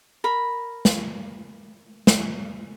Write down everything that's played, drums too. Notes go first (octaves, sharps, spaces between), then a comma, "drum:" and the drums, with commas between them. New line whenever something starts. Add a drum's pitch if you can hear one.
A#4 B5
drum: snare
drum: snare